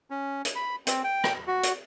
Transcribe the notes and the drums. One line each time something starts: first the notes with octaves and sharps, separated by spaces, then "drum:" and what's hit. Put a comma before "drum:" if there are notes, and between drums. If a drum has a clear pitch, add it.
C#4
drum: hi-hat
B5
C4, drum: hi-hat
G5
drum: rim click
F#4
drum: hi-hat